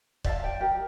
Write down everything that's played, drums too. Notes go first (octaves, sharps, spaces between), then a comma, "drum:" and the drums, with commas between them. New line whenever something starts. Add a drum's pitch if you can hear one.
D5 E5 F5 A5, drum: kick C#1
G5
G4 A#4